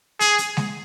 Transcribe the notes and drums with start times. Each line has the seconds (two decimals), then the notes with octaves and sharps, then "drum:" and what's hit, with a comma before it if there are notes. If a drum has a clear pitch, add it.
0.20 G#4, drum: hi-hat
0.38 drum: hi-hat
0.57 drum: snare